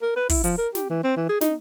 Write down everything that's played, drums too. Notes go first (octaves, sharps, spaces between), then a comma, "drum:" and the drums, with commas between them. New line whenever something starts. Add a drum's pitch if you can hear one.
A#4
B4
E4, drum: kick, open hi-hat
F3, drum: hi-hat
A#4
G4, drum: snare
E3
C4
E3
G#4
D#4, drum: snare